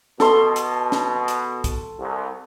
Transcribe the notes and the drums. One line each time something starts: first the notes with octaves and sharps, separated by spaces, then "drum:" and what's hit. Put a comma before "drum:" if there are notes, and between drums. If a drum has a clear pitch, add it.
B2 A4 C6, drum: snare
drum: hi-hat
drum: snare
drum: hi-hat
drum: kick, hi-hat
C2